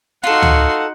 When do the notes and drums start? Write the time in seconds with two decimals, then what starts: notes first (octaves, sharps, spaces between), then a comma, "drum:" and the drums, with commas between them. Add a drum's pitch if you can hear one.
0.24 D#4 F4 F#4 A4 F#5 C6
0.42 drum: tom